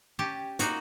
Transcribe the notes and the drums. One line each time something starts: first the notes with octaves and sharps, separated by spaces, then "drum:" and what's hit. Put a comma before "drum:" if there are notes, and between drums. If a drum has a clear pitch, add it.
C#4 G4 A5
A#3 D#4 F4 F#4, drum: hi-hat